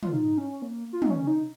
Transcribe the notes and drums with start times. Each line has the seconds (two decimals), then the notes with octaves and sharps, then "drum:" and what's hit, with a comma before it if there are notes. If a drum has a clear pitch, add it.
0.03 F4, drum: tom
0.13 D#4
0.38 C#4
0.62 A#3
0.93 F4
1.02 D#4, drum: tom
1.10 C#4
1.27 D#4